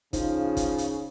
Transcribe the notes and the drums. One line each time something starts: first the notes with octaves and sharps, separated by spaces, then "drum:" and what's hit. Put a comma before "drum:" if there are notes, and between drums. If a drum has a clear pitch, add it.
C#3 F3 D#4, drum: kick, hi-hat
drum: kick, hi-hat
drum: hi-hat